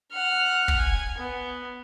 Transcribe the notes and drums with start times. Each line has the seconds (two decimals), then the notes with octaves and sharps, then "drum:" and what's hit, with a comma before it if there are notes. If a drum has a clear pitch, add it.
0.12 F#5 F6
0.68 drum: kick
0.78 G#5
1.18 B3